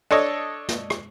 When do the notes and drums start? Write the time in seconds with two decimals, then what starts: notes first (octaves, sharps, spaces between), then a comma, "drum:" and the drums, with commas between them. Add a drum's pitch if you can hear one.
0.11 D4 A4 C#5 D#5
0.69 drum: snare
0.90 drum: rim click